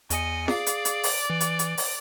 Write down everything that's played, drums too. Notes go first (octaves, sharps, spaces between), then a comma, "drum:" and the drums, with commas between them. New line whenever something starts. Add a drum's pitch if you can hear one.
E2 D#5 G#5 C#7, drum: hi-hat
G#4 D5 F5, drum: snare F4
drum: hi-hat
drum: hi-hat
drum: open hi-hat
E3
drum: hi-hat
drum: hi-hat
drum: open hi-hat